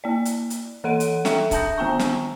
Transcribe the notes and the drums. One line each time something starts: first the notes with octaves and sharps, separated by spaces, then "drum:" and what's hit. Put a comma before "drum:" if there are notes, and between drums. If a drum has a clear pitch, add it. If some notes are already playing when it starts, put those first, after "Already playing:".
A#3 D5
drum: hi-hat
drum: hi-hat
E3 A4 F#5 D7 D#7
drum: hi-hat
A4 E5 G5, drum: snare
D4 E5 A5 D#6 G6 A#6, drum: kick C#1, hi-hat
D#3 B3 G5 A#5 C#6
drum: snare